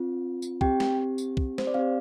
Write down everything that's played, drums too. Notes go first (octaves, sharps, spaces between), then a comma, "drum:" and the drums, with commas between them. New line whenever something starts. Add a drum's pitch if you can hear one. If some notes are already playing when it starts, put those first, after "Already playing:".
Already playing: C4 F4
drum: tambourine
C4 G4 G5, drum: kick
drum: snare
drum: tambourine
drum: kick
C5, drum: snare
D5
C4 G4 F5